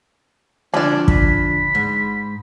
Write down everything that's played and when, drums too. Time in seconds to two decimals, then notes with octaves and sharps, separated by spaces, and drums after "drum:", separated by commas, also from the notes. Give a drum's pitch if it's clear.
0.74 D3 F3 C#4 D4 D5
1.08 B5, drum: kick
1.75 G#2